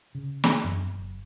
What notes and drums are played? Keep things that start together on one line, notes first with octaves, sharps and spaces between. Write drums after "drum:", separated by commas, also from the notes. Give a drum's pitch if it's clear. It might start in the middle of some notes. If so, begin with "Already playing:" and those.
C#3
drum: snare
F#2
F#1